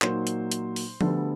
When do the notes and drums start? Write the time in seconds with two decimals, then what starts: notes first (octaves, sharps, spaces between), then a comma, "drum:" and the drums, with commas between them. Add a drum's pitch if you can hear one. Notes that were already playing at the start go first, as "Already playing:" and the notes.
0.02 A#2 F#3 A#3 D#4 C5, drum: clap
0.27 drum: hi-hat
0.52 drum: hi-hat
0.76 drum: open hi-hat
1.01 D2 D3 G3 B3 D4 A4, drum: tom F3